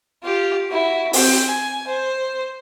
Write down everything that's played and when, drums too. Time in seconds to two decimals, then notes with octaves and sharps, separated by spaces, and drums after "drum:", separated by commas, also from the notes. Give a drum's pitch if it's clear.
0.23 F4 G4
0.69 E4 F#4
1.13 C4 G5, drum: open hi-hat
1.46 G#5
1.87 C5